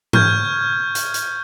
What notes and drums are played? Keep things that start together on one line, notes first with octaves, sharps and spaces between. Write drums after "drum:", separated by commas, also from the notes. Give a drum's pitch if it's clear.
C#6 F6 G6 G#6, drum: tom G#2
drum: hi-hat
drum: hi-hat